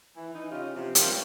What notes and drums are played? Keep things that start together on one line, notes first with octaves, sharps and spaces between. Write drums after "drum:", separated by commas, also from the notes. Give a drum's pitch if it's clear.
E3
E3 D#4
C#3 C#4 F4 G4 D#5
C3 F3
F4 G4 A#4 F5, drum: hi-hat
G3 A3 B3 C#5 D5